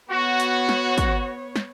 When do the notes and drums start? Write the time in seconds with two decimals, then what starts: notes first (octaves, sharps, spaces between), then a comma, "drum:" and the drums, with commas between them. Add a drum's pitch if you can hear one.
0.11 B3 F#4 C#5
0.40 drum: hi-hat
0.69 drum: snare
0.98 drum: kick, hi-hat
1.56 drum: snare